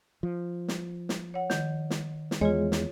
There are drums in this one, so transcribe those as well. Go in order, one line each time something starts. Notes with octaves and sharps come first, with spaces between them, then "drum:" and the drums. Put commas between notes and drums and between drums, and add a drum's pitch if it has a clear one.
F3
drum: snare
drum: snare
C#5 F#5
D#3, drum: snare
drum: snare
drum: snare
E2 G#3 F4 G#4 C#5
drum: snare